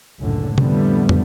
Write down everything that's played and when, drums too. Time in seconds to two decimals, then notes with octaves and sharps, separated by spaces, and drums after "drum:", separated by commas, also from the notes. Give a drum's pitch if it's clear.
0.21 F#1 C#2 A2 D3
0.58 F2 A2 D3 G3 A3 B3, drum: tom C3
1.09 drum: tom